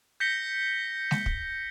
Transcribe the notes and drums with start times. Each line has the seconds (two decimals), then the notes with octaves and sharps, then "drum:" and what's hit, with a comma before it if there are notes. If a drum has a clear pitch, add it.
0.20 G6 A#6 B6 C#7 G7
1.11 drum: snare
1.26 drum: kick